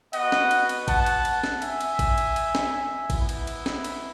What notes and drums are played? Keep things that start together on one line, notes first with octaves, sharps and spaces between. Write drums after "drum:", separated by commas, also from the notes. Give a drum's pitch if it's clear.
B3 F#4 D#5 F#5, drum: cymbal
drum: snare
drum: cymbal
drum: cymbal
F#5 A5, drum: kick A1, cymbal
drum: cymbal
drum: cymbal
drum: snare
E5 G#5, drum: cymbal
drum: cymbal
drum: kick A1, cymbal
drum: cymbal
drum: cymbal
drum: snare
B3 E4, drum: kick A1, cymbal
drum: cymbal
drum: cymbal
drum: snare
drum: cymbal